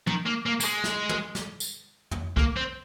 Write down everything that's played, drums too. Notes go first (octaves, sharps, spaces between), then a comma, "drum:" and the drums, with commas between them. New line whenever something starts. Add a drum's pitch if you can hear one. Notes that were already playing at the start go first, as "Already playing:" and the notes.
D#3, drum: tom
A#3
A#3
A#3, drum: tambourine
G#3
drum: snare
drum: tom
drum: snare
drum: tambourine
drum: tom
A#3, drum: kick
C4